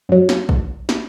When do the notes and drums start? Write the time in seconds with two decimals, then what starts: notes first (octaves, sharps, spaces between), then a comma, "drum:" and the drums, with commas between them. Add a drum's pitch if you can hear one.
0.09 F#2 F#3
0.29 drum: snare
0.49 drum: kick
0.89 drum: snare